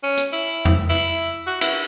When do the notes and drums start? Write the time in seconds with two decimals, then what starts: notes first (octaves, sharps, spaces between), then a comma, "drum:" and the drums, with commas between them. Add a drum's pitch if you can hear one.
0.03 C#4
0.17 drum: hi-hat
0.32 E4
0.65 drum: tom F2
0.90 E4
1.47 F#4
1.61 E4, drum: cymbal